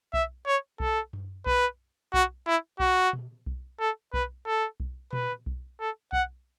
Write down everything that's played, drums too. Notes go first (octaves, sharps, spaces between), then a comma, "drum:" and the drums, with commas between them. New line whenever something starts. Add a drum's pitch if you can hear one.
E5, drum: kick B1
C#5
A4, drum: kick B1
drum: tom F#2
B4, drum: kick B1
F#4, drum: kick B1
E4
F#4, drum: kick B1
drum: tom A#2
drum: kick B1
A4
B4, drum: kick B1
A4
drum: kick B1
B4, drum: tom A#2
drum: kick B1
A4
F#5, drum: kick B1